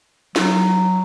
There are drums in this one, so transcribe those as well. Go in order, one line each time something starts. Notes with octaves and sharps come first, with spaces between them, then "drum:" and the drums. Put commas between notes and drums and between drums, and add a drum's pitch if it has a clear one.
F#3, drum: snare